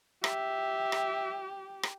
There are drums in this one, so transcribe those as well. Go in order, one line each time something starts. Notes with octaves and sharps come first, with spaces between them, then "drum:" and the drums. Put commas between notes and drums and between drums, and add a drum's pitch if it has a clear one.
G4 E5, drum: rim click
drum: rim click
drum: rim click